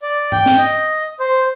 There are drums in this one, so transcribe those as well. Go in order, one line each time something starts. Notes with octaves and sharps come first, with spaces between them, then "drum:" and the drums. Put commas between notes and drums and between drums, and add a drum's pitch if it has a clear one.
D5
G5, drum: tom G#2
drum: snare
D#5
C5